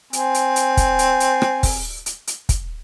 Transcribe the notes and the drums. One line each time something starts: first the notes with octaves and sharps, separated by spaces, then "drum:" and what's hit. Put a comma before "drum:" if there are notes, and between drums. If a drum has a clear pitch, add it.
C4 G#5, drum: hi-hat
drum: hi-hat
drum: hi-hat
drum: kick, hi-hat
drum: hi-hat
drum: hi-hat
drum: rim click
drum: kick, open hi-hat
drum: hi-hat
drum: hi-hat
drum: kick, hi-hat